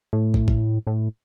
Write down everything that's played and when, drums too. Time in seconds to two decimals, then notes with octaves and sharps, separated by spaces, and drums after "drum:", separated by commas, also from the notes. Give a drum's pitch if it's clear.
0.13 A2
0.34 drum: kick
0.48 drum: kick
0.87 A2